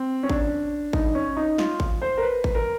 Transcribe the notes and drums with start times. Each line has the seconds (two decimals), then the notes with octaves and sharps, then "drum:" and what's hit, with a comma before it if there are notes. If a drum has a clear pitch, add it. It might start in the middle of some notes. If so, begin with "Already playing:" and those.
Already playing: C4
0.23 C#4
0.30 D4, drum: kick G#1
0.93 D#4, drum: kick G#1
1.15 C#4
1.37 D#4
1.58 F4, drum: snare
1.80 drum: kick G#1
2.02 C5
2.17 A#4
2.22 B4
2.44 drum: kick G#1
2.55 A#4